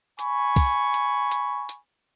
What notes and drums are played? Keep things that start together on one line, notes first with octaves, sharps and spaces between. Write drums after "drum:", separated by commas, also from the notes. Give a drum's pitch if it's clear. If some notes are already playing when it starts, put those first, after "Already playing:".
G#5 B5 C#6, drum: hi-hat
drum: kick, open hi-hat
drum: hi-hat
drum: hi-hat
drum: hi-hat